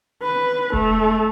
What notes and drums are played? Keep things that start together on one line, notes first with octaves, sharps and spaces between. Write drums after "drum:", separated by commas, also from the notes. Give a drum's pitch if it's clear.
B4
A3, drum: kick E1